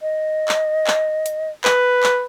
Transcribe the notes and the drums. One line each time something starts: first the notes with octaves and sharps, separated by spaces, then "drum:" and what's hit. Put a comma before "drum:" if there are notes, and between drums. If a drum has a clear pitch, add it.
D#5
drum: clap
drum: clap
drum: hi-hat
B4, drum: clap
drum: clap